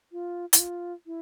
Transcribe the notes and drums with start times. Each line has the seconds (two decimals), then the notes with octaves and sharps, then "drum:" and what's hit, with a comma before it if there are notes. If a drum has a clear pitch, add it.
0.12 F4
0.53 E4, drum: hi-hat
0.60 F4
1.06 E4